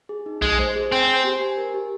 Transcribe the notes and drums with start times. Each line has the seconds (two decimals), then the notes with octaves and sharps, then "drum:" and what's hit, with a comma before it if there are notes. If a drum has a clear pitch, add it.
0.09 G#4
0.26 D#4
0.42 G#3 G#4, drum: kick A#1
0.59 C5
0.76 G#4
0.91 C4 G#5
1.08 C5
1.25 G4
1.41 G#5
1.57 A#4
1.74 G4